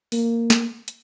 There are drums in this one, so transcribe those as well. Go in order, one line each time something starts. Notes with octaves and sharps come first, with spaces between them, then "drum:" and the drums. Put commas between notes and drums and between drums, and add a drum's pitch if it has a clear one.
A#3, drum: open hi-hat
drum: snare
drum: hi-hat